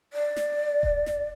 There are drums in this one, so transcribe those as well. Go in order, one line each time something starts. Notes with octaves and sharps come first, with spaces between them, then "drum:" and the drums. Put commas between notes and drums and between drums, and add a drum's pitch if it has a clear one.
D5
drum: snare
drum: kick D#1
drum: snare